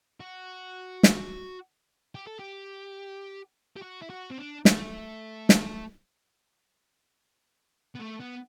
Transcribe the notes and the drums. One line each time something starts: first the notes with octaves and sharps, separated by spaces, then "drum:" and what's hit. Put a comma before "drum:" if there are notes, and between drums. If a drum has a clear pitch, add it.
F#4
drum: snare
G4
A4
G4
G4
F#4
E4
F#4
C4
D4
A3, drum: snare
drum: snare
B3
A3
B3